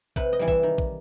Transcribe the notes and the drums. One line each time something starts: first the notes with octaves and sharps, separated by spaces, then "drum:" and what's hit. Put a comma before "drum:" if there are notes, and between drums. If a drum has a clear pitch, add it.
C3 B4, drum: kick
D#5
E3 G3
E5, drum: kick
D#3
drum: kick